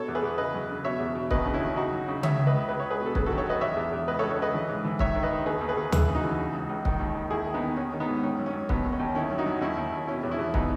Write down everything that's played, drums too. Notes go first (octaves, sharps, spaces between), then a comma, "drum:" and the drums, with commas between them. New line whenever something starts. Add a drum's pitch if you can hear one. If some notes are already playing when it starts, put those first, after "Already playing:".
Already playing: B2 A4 C#5
E2
G#4 B4
E2
C#3 B4 D#5
F#2
C#3
B2 C#5 E5
E2
B2
D#2 B4 D#5, drum: kick
C#3
C#4 E4
D#2
C#3 D#4 F#4
F#2
C#3
C#2 C#5 E5, drum: tom C#3
C#2
B4 D#5
C#2
C#2 B4
C#5
C#2
G#4 B4
B2
A4
F#2 G#4 B4, drum: kick
F#4 A4
D#3
A4 C#5
D#3 B4 D#5
E2 C#5 E5
E2
E2
C#2 B4 D#5
A4 C#5
C#2
A4 C#5
C#3 B4 D#5
E3
G#2
E3
D#3 C#5 E5, drum: kick
D#3
B4 D#5
D#3
D#2 G#4 B4
D#2
G#4 B4
D#2
E3 G#4 B4, drum: tom D2
C#3
D#4 F#4
E3
C#3
C#2
C#2
D#3, drum: kick
D#2
D#2
D#2 E4 G#4
D#3
B3 D#4
D#3
D#3 C#4
D#3
B3 D#4
G#2
D#3 C#4
F#2
C#4
F#2
D#2 B3, drum: kick
D#2
C#4
D#2
D#3 C#4 E4
F#2
D#4 F#4
F#2
D#2 C#4 E4
D#2
D#2
B2 C#4 E4
E2
C#4 E4
E2
E3 B3 D#4, drum: kick